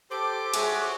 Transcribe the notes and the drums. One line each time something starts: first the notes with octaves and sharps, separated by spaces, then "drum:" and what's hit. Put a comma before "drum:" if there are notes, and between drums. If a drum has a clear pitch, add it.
G4 A4 C5 D6
F#4 G#4 C#5 E5 F#5, drum: cymbal